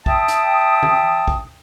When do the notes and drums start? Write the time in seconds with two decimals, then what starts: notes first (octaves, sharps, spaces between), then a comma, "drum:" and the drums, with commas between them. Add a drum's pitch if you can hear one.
0.06 E5 G5 A5 D#6, drum: kick
0.28 drum: hi-hat
0.83 drum: tom
1.28 drum: kick